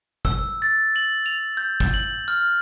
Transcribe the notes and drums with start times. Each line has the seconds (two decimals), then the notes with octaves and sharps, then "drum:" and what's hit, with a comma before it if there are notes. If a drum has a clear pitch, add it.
0.25 E6, drum: kick
0.62 A6
0.96 F#7
1.26 F7
1.57 G6
1.80 drum: kick
1.94 F#7
2.28 F6